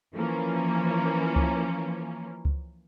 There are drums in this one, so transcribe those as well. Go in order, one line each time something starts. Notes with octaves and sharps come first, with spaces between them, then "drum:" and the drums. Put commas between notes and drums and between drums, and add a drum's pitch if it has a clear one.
E3 F3 A#3 C#4
drum: kick C#2
drum: kick C#2